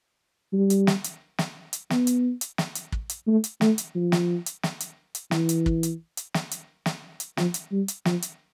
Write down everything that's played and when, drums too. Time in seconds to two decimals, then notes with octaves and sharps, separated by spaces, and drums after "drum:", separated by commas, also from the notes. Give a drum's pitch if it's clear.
0.52 G3
0.70 drum: hi-hat
0.87 drum: snare
1.04 drum: hi-hat
1.38 drum: snare
1.73 drum: hi-hat
1.90 B3, drum: snare
2.07 drum: hi-hat
2.41 drum: hi-hat
2.58 drum: snare
2.75 drum: hi-hat
2.92 drum: kick
3.09 drum: hi-hat
3.27 A3
3.44 drum: hi-hat
3.61 A3, drum: snare
3.78 drum: hi-hat
3.95 F3
4.12 drum: snare
4.46 drum: hi-hat
4.63 drum: snare
4.80 drum: hi-hat
5.15 drum: hi-hat
5.31 E3, drum: snare
5.49 drum: hi-hat
5.66 drum: kick
5.83 drum: hi-hat
6.17 drum: hi-hat
6.34 drum: snare
6.51 drum: hi-hat
6.86 drum: snare
7.20 drum: hi-hat
7.37 F3, drum: snare
7.54 drum: hi-hat
7.71 G3
7.88 drum: hi-hat
8.05 F3, drum: snare
8.22 drum: hi-hat